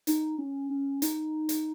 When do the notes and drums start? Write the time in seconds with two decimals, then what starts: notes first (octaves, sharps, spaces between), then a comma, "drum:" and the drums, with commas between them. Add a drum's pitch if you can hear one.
0.07 D#4, drum: hi-hat
0.38 C#4
0.70 C#4
1.02 D#4, drum: hi-hat
1.49 drum: hi-hat